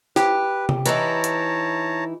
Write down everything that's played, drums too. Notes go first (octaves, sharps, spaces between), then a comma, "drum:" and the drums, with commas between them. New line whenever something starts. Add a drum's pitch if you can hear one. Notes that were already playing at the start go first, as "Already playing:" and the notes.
G4 B4, drum: snare
drum: tom C3
E3 D#4 E4 C#5 A5 A#5, drum: hi-hat
drum: hi-hat